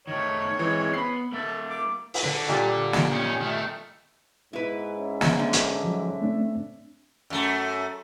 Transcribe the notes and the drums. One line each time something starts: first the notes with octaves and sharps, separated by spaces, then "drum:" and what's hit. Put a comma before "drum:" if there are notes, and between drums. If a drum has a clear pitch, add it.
D#3 A3 C#5
E3 G#3 C4
B3 B5 C7
A#3 A4 E5
D6
drum: open hi-hat
D3
A#2 G3
drum: snare
D#3 C#4
D#3 A3
G#2 E4 B4
C#4 C#5 E5
drum: snare
D3 D4
drum: hi-hat
F3 F#3
A3 C4 D4
F#2 A3